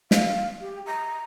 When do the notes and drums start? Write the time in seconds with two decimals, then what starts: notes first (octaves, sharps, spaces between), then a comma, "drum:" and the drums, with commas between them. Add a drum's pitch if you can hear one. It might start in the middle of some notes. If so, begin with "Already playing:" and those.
0.11 F5, drum: snare
0.60 G4
0.86 A#5